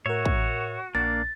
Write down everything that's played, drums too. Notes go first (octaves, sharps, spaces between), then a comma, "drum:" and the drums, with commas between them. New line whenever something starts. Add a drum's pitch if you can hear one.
A2 F#4 A#4 C#5 E5
drum: kick
A#1 A#3 D4 A6